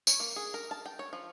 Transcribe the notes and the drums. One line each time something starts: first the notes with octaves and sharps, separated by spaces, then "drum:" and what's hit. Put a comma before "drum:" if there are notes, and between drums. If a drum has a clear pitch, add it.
C#5, drum: tambourine
A#3
G#4
A#4
A5
G5
C#5
F3